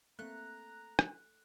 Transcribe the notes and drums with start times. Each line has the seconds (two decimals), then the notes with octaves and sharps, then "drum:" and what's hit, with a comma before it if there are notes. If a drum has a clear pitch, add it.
0.19 A3 A#3 C4 A#5 F#6
0.99 drum: rim click